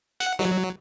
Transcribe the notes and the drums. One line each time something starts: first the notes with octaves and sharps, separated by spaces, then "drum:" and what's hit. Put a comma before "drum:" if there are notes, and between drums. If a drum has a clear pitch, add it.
F#5, drum: hi-hat
F#3, drum: snare